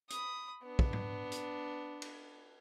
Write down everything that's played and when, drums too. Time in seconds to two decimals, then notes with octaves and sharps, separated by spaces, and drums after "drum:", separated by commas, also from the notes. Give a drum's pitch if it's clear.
0.10 B5 D#6, drum: hi-hat
0.63 B3 D4
0.79 drum: kick
0.93 drum: tom G#2
1.32 drum: hi-hat
2.02 drum: cymbal